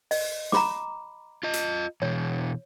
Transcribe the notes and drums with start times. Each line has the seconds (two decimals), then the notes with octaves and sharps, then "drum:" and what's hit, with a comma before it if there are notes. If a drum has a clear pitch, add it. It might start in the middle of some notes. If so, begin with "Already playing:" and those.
0.11 D#5, drum: open hi-hat
0.52 A#5 B5 D6, drum: snare
1.43 F4 D#5
1.53 drum: hi-hat
2.02 B2 E3 C#5